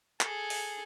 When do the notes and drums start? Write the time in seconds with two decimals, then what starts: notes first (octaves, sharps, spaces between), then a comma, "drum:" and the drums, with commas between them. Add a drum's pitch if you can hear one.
0.21 G#4 A4, drum: clap
0.50 drum: open hi-hat